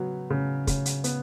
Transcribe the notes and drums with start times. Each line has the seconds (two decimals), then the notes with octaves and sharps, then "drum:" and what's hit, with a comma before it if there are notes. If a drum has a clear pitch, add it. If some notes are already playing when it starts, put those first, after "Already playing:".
Already playing: C#3 F#3 B3
0.30 C#3
0.67 C#3, drum: kick, hi-hat
0.86 drum: hi-hat
1.04 B3, drum: hi-hat